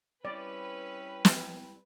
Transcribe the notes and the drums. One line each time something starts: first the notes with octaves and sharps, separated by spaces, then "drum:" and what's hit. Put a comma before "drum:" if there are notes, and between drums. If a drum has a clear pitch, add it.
G3 C4 C#4 E4 B4 D5
drum: snare